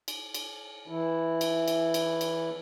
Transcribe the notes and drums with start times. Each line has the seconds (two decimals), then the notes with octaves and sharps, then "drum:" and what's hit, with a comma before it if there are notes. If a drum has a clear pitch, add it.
0.08 drum: cymbal
0.34 drum: cymbal
0.88 E3 E4
1.41 drum: cymbal
1.68 drum: cymbal
1.94 drum: cymbal
2.21 drum: cymbal